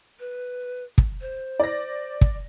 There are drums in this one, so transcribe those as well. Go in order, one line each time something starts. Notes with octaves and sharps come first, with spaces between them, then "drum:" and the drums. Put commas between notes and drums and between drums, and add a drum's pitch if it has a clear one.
B4
drum: kick
C5
D5 A#6
drum: kick